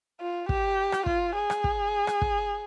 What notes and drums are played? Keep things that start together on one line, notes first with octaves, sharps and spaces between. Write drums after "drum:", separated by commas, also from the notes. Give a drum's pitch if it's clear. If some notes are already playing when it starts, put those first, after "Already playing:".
F4
G4, drum: kick
drum: rim click
F4, drum: kick
G#4
drum: rim click
drum: kick
drum: rim click
drum: kick